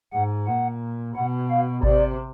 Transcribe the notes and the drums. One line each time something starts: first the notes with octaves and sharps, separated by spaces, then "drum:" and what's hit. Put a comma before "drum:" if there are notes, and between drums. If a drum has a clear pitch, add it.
G#2 F#5
A#2 F#5
B2 F#5
F5
C3 D5, drum: kick G#1